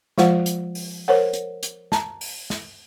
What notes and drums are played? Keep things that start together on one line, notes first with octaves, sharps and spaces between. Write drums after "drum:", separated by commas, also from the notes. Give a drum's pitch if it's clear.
F3 G#3 F4 C5 F#5, drum: snare
drum: hi-hat
drum: open hi-hat
A#4 C5 C#5 F#5
drum: hi-hat
drum: hi-hat
A5 A#5, drum: snare
drum: open hi-hat
drum: snare